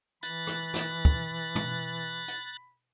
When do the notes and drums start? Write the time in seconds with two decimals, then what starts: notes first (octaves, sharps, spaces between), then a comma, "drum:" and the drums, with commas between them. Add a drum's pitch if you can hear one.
0.23 E3 B5 F#6 A6, drum: hi-hat
0.47 drum: rim click
0.74 drum: snare
1.05 drum: kick
1.55 drum: tom
2.28 drum: hi-hat